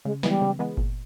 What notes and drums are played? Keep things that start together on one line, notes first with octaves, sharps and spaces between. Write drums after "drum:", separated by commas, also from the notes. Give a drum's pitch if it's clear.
C#3 G#3
E3 G3 G#3 B3, drum: snare
C#3
E3 G#3 B3
A#2, drum: kick G1